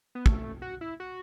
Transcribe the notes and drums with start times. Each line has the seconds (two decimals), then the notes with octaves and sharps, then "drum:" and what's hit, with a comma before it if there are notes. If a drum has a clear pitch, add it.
0.15 B3
0.26 A3, drum: kick
0.62 F#4
0.81 E4
1.00 F#4